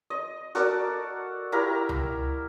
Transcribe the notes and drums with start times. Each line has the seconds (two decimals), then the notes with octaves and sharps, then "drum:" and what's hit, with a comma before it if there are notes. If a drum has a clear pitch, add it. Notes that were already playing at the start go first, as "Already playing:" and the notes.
0.10 D#5
0.55 F#4 A4 A#4 D5, drum: hi-hat
1.52 E4 G4 A#4 A#5
1.89 drum: tom C#2